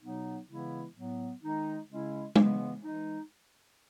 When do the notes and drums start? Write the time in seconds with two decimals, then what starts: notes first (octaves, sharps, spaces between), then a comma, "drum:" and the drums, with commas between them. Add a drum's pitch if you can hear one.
0.01 B2 F#3 B3 D#4
0.48 C#3 E3 G#3 B3 E4
0.95 A2 F#3 B3
1.42 D#3 G#3 D#4
1.89 C#3 G#3 C#4 E4
2.36 C#3 E3 G#3 B3, drum: tom
2.83 E3 G#3 D#4